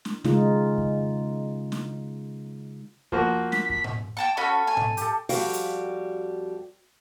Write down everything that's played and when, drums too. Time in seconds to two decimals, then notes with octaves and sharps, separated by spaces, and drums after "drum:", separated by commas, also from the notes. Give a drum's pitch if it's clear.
0.05 drum: snare
0.24 C#3 G#3 D#4 F4, drum: snare
0.78 drum: kick F2
1.72 drum: snare
3.12 F3 A#3 F#4, drum: kick F2
3.52 B6, drum: snare
3.70 B6, drum: kick F2
3.84 drum: tom A2
4.17 G5 A5 C#6
4.37 C#4 F#4 A4 B5
4.67 G#5
4.77 drum: tom A2
4.97 G4 A4, drum: hi-hat
5.29 F2 G3 F#4 F5 G5, drum: open hi-hat
5.53 drum: hi-hat